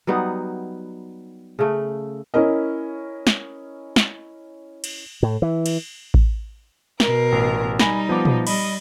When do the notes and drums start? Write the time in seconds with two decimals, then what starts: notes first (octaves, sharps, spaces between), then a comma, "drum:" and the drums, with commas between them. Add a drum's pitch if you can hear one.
0.07 F#3 G3 B3 D#4
1.59 C#3 A3
2.34 C#4 E4 A#4 D#5
3.27 drum: snare
3.96 drum: snare
4.84 drum: cymbal
5.23 A2
5.42 E3
5.66 drum: cymbal
6.14 drum: kick A1
7.00 B2 A#4, drum: snare
7.32 A1
7.79 G3 D#4 G#5 B5 A#6, drum: snare
8.09 F3 B3 D6
8.25 drum: tom A#2
8.47 G3 D#5 B5, drum: cymbal